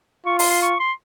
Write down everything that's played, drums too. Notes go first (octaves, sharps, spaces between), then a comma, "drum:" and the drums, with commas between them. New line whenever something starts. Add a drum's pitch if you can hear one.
F4 C#6
C6, drum: open hi-hat
C6
C#6
C6